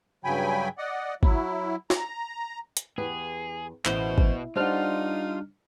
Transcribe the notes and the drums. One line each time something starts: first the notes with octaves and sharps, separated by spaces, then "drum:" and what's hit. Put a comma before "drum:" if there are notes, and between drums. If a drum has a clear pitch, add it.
G2 C#3 F#3 G5 G#5 B5
D5 D#5 F#5
F#3 E4, drum: kick
A#5, drum: snare
drum: hi-hat
E2 G4 G#4 B4
A1 B2 B3 E4 C5, drum: clap
drum: kick
G3 D4 D#4 F4 C5 F#5 F6